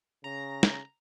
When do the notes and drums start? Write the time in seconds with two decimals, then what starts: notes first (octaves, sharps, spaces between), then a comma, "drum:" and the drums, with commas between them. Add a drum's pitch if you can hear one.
0.24 C#3 A#5
0.63 drum: snare